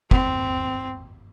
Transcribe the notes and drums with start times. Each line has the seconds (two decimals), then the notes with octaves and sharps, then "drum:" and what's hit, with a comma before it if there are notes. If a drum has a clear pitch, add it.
0.11 C4, drum: kick